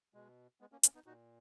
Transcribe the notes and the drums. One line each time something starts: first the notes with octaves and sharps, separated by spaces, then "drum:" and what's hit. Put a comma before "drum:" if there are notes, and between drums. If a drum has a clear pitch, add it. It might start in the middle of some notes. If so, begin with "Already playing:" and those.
B2 G#3
G#3 B3
A#3 C#4
A#3 C#4, drum: hi-hat
B3 D#4
A#2 D#4 F#4